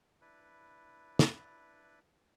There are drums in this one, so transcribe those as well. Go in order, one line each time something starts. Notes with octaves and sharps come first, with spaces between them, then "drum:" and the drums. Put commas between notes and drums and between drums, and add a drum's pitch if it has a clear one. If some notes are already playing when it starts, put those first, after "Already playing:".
D4 E4 B4
drum: snare